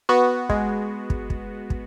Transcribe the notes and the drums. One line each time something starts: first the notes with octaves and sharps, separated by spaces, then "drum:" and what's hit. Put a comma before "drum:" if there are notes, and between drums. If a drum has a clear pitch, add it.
B3 F#4
G#3, drum: kick
drum: kick
drum: kick
drum: kick